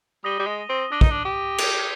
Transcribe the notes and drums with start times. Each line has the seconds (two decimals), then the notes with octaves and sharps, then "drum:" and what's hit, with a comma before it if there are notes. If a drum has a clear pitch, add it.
0.24 G3 D#6 A#6 D#7 G7
0.39 G3
0.47 G#3
0.69 C4
0.92 D4 D#6 A#6 D#7 G7
1.01 D#4, drum: kick
1.11 D4
1.25 G4
1.58 G6 D7 F7, drum: cymbal